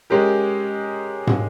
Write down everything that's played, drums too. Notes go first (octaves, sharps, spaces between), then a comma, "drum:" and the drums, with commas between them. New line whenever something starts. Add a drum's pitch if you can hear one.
G#3 C#4 G4 A#4
drum: tom